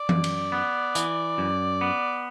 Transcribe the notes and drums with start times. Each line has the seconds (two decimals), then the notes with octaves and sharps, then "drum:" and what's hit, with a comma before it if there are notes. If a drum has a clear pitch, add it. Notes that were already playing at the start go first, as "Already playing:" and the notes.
Already playing: D5
0.09 F#2, drum: tom E3
0.24 drum: cymbal
0.52 B3
0.95 E3, drum: hi-hat
1.38 F#2
1.81 B3